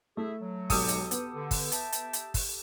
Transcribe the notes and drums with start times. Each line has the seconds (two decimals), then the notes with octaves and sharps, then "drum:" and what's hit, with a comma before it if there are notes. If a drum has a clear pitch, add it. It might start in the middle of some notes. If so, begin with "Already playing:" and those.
0.17 A3 E4 G#4 E5
0.41 F#3
0.70 B1 G#2 G4 A4 D#6, drum: kick, open hi-hat
0.88 drum: hi-hat
1.11 B3, drum: hi-hat
1.35 D3
1.51 drum: kick, open hi-hat
1.72 E5 G5 A5, drum: hi-hat
1.92 drum: hi-hat
2.13 drum: hi-hat
2.34 drum: kick, open hi-hat